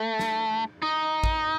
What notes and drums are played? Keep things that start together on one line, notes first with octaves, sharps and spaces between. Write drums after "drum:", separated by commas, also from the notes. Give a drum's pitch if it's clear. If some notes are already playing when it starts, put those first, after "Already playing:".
Already playing: A3
drum: snare
D#4
drum: kick